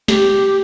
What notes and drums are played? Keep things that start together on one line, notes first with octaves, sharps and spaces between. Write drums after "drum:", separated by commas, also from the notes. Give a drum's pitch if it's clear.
G4, drum: snare